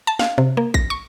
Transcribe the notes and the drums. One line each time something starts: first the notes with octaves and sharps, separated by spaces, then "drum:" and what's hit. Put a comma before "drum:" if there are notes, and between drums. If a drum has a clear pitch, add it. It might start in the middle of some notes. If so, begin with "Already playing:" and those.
A5
F5, drum: snare
C3
A#3
A#6, drum: kick A1
C#6